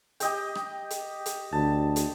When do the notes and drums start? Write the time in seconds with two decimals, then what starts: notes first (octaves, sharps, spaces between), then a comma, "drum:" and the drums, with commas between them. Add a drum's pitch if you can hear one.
0.20 G4 D#5 G5, drum: hi-hat
0.55 drum: rim click
0.90 drum: hi-hat
1.26 drum: hi-hat
1.53 D2 A5
1.96 drum: hi-hat